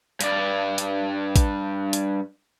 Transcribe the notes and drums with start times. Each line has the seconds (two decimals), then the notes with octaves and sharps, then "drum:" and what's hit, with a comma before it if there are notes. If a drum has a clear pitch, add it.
0.21 G2 D5, drum: hi-hat
0.78 drum: hi-hat
1.36 drum: kick, hi-hat
1.93 drum: hi-hat